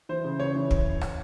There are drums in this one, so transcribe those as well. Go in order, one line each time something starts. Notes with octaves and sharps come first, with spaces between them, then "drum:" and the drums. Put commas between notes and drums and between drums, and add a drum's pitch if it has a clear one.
E3 C5
C#3
C#3 C#5
E3
drum: kick
drum: rim click